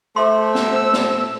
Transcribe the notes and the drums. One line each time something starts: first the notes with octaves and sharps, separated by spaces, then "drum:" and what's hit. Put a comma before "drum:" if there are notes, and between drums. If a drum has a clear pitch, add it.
A3 A4 C5 E5 C6
E6, drum: snare
drum: snare